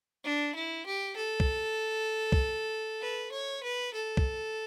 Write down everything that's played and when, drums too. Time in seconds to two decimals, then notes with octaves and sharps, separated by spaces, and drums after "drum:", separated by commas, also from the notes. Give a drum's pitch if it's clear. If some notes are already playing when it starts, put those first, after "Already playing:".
0.24 D4
0.55 E4
0.86 G4
1.16 A4
1.40 drum: kick
2.32 drum: kick
3.02 B4
3.32 C#5
3.64 B4
3.94 A4
4.17 drum: kick